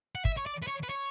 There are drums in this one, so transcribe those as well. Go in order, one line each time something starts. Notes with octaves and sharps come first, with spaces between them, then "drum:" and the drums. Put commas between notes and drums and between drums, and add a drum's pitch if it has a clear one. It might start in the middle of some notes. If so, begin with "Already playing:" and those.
F#5
E5, drum: kick
C#5
D5
B4
C#5
B4
C#5